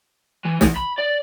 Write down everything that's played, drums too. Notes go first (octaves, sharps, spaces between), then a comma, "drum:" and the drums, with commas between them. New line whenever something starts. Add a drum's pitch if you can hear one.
E3
E2, drum: snare
B5
D5